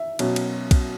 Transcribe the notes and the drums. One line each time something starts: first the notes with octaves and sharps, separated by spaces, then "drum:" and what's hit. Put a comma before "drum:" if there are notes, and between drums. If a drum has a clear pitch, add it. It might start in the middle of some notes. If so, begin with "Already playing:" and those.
Already playing: E5
B2 F#3 C#4, drum: cymbal
drum: cymbal
drum: kick B1, cymbal